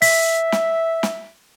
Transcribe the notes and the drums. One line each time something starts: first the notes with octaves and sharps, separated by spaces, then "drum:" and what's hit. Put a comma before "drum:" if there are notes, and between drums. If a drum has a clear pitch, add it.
E5 B6, drum: open hi-hat
drum: snare
drum: snare